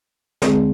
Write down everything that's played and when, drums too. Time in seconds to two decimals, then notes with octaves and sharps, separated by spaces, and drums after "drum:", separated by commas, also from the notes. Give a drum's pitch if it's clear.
0.42 D2 D3 G#3 C4 G#4, drum: snare